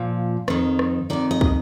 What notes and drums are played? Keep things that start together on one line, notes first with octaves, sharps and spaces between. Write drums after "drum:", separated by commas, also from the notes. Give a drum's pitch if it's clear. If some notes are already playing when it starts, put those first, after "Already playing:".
Already playing: A#2 F3
F2 D#3, drum: rim click
drum: rim click
F2 D#3 D5
D#5
drum: kick